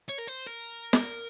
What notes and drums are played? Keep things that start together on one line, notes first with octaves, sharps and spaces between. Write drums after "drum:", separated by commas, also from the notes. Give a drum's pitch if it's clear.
C#5
A#4
C5
A#4
drum: snare